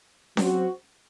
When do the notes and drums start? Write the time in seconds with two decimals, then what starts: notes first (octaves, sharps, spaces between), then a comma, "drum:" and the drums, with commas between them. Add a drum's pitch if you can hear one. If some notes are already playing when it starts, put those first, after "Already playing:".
0.37 F#3 C4 F#4 C5, drum: snare C#4